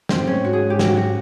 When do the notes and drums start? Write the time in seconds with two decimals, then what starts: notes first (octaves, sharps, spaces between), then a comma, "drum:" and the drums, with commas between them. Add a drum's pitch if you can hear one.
0.09 F#2 C4, drum: snare
0.21 G#2
0.27 C#4
0.33 A2
0.44 G#2 F#4
0.53 G#4
0.70 G4
0.79 F#4, drum: snare
0.97 F#4